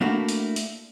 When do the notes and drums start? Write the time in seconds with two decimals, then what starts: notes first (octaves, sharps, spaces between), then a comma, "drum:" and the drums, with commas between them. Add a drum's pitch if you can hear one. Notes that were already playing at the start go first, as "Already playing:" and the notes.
0.01 A3 A#3 D4 E4 F#4
0.29 drum: hi-hat
0.56 drum: hi-hat